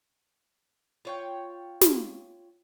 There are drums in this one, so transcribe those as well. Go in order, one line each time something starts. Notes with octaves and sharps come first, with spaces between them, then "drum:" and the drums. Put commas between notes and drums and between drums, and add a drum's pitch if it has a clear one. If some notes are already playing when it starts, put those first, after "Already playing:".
F4 C#5 G5
drum: snare